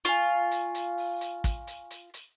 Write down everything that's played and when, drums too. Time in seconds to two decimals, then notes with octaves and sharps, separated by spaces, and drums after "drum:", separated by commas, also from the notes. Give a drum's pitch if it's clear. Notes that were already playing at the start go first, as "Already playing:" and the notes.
0.05 F4 G#5 C#6, drum: hi-hat
0.51 drum: hi-hat
0.74 drum: hi-hat
0.98 drum: open hi-hat
1.21 drum: hi-hat
1.44 drum: kick, hi-hat
1.67 drum: hi-hat
1.90 drum: hi-hat
2.14 drum: hi-hat